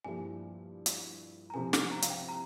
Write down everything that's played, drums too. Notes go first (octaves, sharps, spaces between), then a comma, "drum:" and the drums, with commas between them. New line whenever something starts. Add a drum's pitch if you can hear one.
G2 F3 A#3 E4 G4 G#5
drum: hi-hat
A#5
C3 F3 C4 E4 G4 G#5
G#5, drum: snare
A#5
F5, drum: hi-hat
G5
A#5